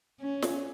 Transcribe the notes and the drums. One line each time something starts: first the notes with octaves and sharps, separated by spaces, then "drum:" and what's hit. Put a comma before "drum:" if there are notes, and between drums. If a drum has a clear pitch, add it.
C#4
drum: snare